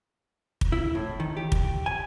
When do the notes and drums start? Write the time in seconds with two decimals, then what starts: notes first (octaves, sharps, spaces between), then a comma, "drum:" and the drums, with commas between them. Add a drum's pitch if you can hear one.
0.61 drum: kick
0.72 E4
0.95 A2
1.20 D#3
1.37 G4
1.52 drum: kick
1.86 G#5